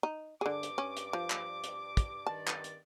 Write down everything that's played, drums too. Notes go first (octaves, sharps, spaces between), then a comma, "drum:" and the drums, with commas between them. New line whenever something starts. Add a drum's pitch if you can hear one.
D#4
G2 D3 G#4 D6
drum: hi-hat
C#4
drum: hi-hat
F3
drum: clap
drum: hi-hat
drum: kick, hi-hat
G2 D#3 D5 A5
drum: clap
drum: hi-hat